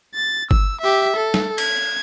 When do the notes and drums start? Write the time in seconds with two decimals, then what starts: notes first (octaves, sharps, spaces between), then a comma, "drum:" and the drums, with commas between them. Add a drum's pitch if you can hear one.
0.15 A6
0.51 E6, drum: kick G1
0.81 G4 E5
1.16 A4
1.34 drum: snare
1.58 G#6, drum: cymbal